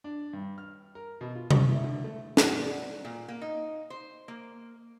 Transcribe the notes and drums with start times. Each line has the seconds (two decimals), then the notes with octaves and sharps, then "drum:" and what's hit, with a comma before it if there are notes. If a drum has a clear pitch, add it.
0.04 D4
0.33 G2
0.58 F6
0.95 A#4
1.21 B2
1.35 F4
1.51 B2, drum: tom C3
1.69 E4
1.84 D3
2.04 A3
2.37 F#4, drum: snare
2.52 G3
3.05 A#2
3.28 A#3
3.42 D#4
3.90 C5
4.28 A#3